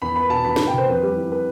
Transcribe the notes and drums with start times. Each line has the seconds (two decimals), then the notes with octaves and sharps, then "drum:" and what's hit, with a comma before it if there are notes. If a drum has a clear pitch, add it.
0.02 E2 B5
0.16 B3 B5
0.30 B2 A5
0.45 E2 B5
0.56 B5, drum: snare
0.60 E2
0.67 G5
0.74 B3 C5, drum: tom B2
0.88 F2 B4
1.03 G3 G4
1.17 E3
1.32 B4